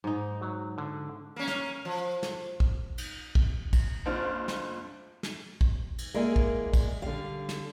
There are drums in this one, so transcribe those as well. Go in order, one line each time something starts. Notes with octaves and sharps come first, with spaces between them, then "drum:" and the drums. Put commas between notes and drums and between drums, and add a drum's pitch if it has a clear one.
G#2 D#4
F#3
D3
A#3 C#4
drum: snare
F3
drum: snare
drum: kick
drum: cymbal
drum: kick
drum: kick, cymbal
F#1 C4 D4 F4 C5 F6
drum: snare
drum: snare
drum: kick
drum: cymbal
G#3 A#3 E4 G#4 A#4 D5
drum: kick
drum: kick, cymbal
D3 G3 F5
drum: snare